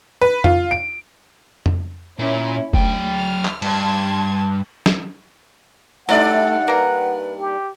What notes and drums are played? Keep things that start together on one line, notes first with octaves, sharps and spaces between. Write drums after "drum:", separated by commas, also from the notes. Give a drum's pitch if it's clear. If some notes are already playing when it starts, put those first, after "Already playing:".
B4
F4, drum: tom F2
D7
drum: tom F2
A#2 C#4 E4
D2 F#3 G5, drum: kick
F6
drum: clap
G2 A5 C6 G#6, drum: cymbal
drum: snare
G2 F#3 A3 D#4 D5 F#5
A#3 A#4 B4
G4